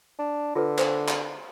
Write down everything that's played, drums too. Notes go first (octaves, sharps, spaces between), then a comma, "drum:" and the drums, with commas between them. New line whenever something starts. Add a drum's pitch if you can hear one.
D4
D3 F4 A4 B4
C5, drum: clap
drum: clap